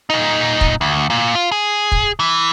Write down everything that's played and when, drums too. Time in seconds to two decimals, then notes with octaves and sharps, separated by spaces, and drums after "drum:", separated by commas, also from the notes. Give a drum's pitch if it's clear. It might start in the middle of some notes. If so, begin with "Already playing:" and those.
0.10 A#2 D#4
0.61 drum: kick
0.81 D2
1.10 A#2
1.35 F4
1.52 G#4
1.92 drum: kick
2.19 E3